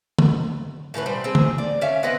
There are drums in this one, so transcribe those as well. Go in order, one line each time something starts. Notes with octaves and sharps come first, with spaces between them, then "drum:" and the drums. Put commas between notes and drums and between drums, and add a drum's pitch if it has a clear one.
drum: tom
A2 C#4 F4 B4
G3 C4
C4 G#4
drum: tom
D5
C#4 E5 F5
B3 C4 B4 D#5